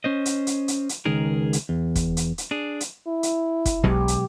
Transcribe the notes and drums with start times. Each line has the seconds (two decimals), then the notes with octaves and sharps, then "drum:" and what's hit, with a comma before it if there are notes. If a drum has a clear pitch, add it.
0.04 C#4 C5 D#5
0.25 drum: hi-hat
0.47 drum: hi-hat
0.68 drum: hi-hat
0.89 drum: hi-hat
1.05 C#2 D#3 G#4 A#4
1.53 drum: hi-hat
1.69 E2
1.95 drum: kick, hi-hat
2.17 drum: hi-hat
2.38 drum: hi-hat
2.51 D4 G#4
2.80 drum: hi-hat
3.07 E4
3.23 drum: hi-hat
3.65 drum: kick, hi-hat
3.83 B1 B2 F#3 G#3 G4
4.08 drum: hi-hat